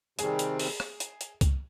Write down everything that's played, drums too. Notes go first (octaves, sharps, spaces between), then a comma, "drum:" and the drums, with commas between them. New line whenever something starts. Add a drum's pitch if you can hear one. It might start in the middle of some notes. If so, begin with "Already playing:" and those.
C3 D#3 G3 C4 G#4, drum: hi-hat
drum: hi-hat
drum: open hi-hat
drum: rim click
drum: hi-hat
drum: hi-hat
drum: kick, hi-hat